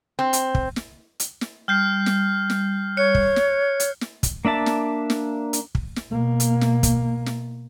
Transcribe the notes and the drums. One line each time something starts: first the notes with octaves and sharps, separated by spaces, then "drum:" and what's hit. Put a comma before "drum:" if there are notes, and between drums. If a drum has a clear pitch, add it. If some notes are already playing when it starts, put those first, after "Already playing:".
C4
drum: hi-hat
drum: kick
drum: snare
drum: hi-hat
drum: snare
G3 F6 G6 C7
drum: snare
drum: snare
C#5 F#6 C#7
drum: kick
drum: snare
drum: hi-hat
drum: snare
drum: kick, hi-hat
A#3 D4 E5 A5
drum: snare
drum: snare
drum: hi-hat
drum: kick
drum: snare
B2 A#3
drum: hi-hat
drum: snare
drum: kick, hi-hat
drum: snare